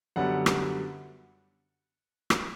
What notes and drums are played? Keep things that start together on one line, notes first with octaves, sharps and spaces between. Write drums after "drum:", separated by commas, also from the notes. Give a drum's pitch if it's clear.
F#2 D3 G3 B3 F#5
drum: rim click
drum: rim click